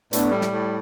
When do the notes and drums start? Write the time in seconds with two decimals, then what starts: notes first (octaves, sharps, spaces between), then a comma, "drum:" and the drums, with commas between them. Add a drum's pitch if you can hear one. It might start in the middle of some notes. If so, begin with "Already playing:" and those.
0.13 A2 B3 D4, drum: hi-hat
0.31 G3
0.41 drum: snare
0.51 A2